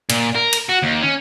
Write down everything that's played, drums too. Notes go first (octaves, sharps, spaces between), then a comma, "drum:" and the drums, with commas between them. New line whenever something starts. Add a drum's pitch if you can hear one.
A#2, drum: cymbal
A#4
drum: cymbal
F#4
D#2
C#4